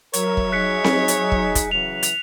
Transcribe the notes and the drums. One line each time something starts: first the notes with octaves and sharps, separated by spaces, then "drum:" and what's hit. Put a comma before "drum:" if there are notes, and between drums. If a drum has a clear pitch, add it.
F#3 A#4 C#5 E5, drum: hi-hat
drum: kick
D#4 G#4 F#6 B6 C#7
drum: snare C4
drum: hi-hat
drum: kick
drum: kick, hi-hat
C#3 E3 F#3 F7
drum: hi-hat